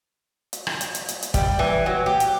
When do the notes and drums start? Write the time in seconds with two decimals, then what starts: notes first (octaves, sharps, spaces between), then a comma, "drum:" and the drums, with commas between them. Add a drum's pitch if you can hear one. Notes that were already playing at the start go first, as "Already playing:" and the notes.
0.53 drum: hi-hat
0.67 drum: rim click
0.81 drum: hi-hat
0.95 drum: hi-hat
1.09 drum: hi-hat
1.22 drum: hi-hat
1.34 G3, drum: kick, hi-hat
1.59 E3
1.86 F#3
2.06 G4
2.20 drum: hi-hat